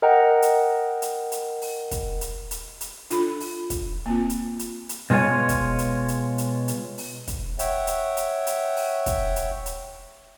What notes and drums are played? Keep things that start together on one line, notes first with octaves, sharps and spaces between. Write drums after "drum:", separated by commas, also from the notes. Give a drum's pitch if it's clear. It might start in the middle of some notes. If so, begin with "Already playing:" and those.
A#4 D#5 F#5 G5 A#5
drum: hi-hat
drum: hi-hat
drum: hi-hat
drum: open hi-hat
drum: kick, hi-hat
drum: hi-hat
drum: hi-hat
drum: hi-hat
D4 F4 A4 B5, drum: hi-hat
drum: open hi-hat
drum: kick, hi-hat
A#3 C4 F4
drum: hi-hat
drum: hi-hat
drum: hi-hat
B2 G#3 F4 C#5 G#5
drum: kick, hi-hat
drum: hi-hat
drum: hi-hat
drum: hi-hat
drum: hi-hat
drum: open hi-hat
drum: kick, hi-hat
C#5 E5 F#5 G5, drum: hi-hat
drum: hi-hat
drum: hi-hat
drum: hi-hat
drum: open hi-hat
drum: kick, hi-hat
drum: hi-hat
drum: hi-hat